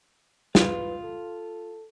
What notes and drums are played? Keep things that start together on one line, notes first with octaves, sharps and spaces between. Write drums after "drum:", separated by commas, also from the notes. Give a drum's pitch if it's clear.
F4 B4, drum: snare
A4